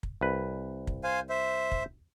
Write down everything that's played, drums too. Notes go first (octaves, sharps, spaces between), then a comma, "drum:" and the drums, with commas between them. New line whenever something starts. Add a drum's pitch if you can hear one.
drum: kick
C2 B4
drum: kick
C5 F5 G#5
C5 E5
drum: kick